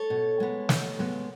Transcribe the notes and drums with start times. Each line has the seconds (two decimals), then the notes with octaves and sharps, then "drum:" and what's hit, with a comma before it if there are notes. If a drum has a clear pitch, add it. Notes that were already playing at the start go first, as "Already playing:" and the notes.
Already playing: A4 C#5
0.10 B2
0.40 G#3 B3
0.69 B2, drum: snare
0.99 G#3 B3